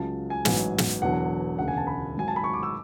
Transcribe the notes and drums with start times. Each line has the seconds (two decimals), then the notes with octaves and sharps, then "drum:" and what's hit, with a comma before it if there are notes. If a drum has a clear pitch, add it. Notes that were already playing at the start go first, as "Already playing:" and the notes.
Already playing: C#2 C#3 F#3 A5
0.30 G#5
0.45 A1 G#2 F#3, drum: snare
0.78 drum: snare
1.02 E1 E2 D3 F#3 F#5
1.59 E1 D2 C#3 F#5
1.68 G#5
1.77 A5
1.87 B5
2.16 G#1 G#2 F#3 G#5
2.28 A5
2.36 B5
2.44 C#6
2.54 D6
2.63 E6